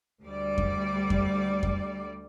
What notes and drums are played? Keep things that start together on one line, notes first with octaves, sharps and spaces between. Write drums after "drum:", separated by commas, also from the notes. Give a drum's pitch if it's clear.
D2 G3 D5
drum: kick F2
drum: kick F2
drum: kick F2